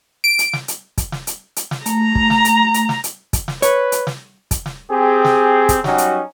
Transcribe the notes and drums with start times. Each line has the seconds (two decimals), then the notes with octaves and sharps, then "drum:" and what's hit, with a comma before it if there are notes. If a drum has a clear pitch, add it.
0.24 D7
0.39 drum: hi-hat
0.53 drum: snare
0.68 drum: hi-hat
0.98 drum: kick, hi-hat
1.12 drum: snare
1.27 drum: hi-hat
1.56 drum: hi-hat
1.71 drum: snare
1.86 A3 A#5, drum: hi-hat
2.15 drum: kick
2.30 drum: snare
2.45 drum: hi-hat
2.74 drum: hi-hat
2.89 drum: snare
3.04 drum: hi-hat
3.33 drum: kick, hi-hat
3.48 drum: snare
3.62 B4 C#5, drum: hi-hat
3.92 drum: hi-hat
4.07 drum: snare
4.51 drum: kick, hi-hat
4.66 drum: snare
4.90 C4 G4 G#4
5.24 drum: snare
5.69 drum: kick, hi-hat
5.84 F#3 G3 C#4 D#4 F#4, drum: snare
5.98 drum: hi-hat